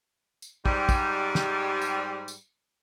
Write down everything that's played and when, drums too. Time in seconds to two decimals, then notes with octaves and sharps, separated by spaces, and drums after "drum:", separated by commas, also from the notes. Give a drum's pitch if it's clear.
0.42 drum: tambourine
0.66 G#2 G3, drum: kick
0.89 drum: kick, tambourine
1.35 drum: snare
1.82 drum: tambourine
2.28 drum: tambourine